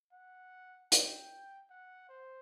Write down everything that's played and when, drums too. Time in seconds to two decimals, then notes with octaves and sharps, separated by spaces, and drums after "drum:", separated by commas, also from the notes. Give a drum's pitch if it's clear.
0.13 F#5
0.92 G5, drum: hi-hat
1.70 F#5
2.09 C5